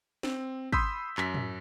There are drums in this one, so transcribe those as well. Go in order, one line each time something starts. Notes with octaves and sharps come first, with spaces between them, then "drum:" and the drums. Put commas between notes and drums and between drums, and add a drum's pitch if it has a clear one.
C4, drum: snare
B5 C6 D#6 E6 G6 B6, drum: kick
F#2 B6, drum: clap
drum: tom